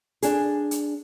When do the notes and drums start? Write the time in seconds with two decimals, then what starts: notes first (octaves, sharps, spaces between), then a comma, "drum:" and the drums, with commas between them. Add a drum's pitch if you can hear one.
0.22 D4 G#4, drum: hi-hat
0.71 drum: hi-hat